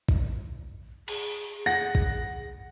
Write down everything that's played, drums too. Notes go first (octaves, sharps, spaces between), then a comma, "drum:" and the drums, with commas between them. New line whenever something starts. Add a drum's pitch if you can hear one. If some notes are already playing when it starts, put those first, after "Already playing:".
drum: kick A#1
G#4, drum: cymbal
F#5 A#6
drum: kick A#1